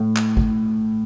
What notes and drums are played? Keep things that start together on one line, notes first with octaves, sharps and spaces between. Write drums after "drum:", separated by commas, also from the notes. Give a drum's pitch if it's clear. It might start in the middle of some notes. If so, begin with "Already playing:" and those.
Already playing: A2
drum: clap
drum: kick